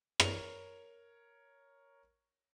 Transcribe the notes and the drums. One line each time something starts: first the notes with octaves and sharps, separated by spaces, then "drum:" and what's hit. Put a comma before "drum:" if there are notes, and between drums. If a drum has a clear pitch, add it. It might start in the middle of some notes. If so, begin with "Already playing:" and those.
A#4 C#5 F7, drum: rim click